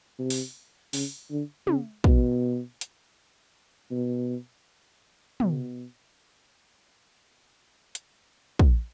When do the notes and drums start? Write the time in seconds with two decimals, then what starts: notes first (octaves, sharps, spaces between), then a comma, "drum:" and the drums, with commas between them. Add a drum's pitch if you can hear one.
0.19 C3
0.30 drum: open hi-hat
0.93 C#3, drum: open hi-hat
1.30 D3
1.67 C#3, drum: tom
2.04 B2, drum: kick
2.81 drum: hi-hat
3.91 B2
5.40 B2, drum: tom
7.95 drum: hi-hat
8.59 drum: kick